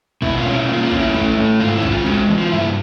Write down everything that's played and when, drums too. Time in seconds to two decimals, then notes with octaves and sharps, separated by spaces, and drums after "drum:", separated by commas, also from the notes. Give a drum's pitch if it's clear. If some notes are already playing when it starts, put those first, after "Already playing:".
0.22 B2 E4, drum: kick
0.38 F4
0.46 C#4
0.53 E4
0.68 A#3 F4
0.83 F4
0.91 C#4, drum: kick
0.99 E4
1.14 A3, drum: kick
1.38 A3
1.60 G#2 F4
1.76 E4
1.83 C#4, drum: kick
1.91 F4
2.06 G#3 F#4, drum: kick
2.29 E3
2.37 F4
2.52 G2 E4